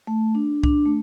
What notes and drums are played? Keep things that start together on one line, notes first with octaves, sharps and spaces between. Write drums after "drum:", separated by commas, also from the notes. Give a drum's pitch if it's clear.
A3
D4
D4, drum: kick C2
A3